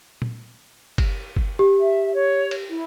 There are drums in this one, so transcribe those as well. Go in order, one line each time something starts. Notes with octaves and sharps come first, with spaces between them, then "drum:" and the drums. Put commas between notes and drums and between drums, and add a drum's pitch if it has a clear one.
drum: tom A#2
drum: kick F#1, cymbal
drum: kick F#1
G4
E5
C#5
drum: cymbal
E4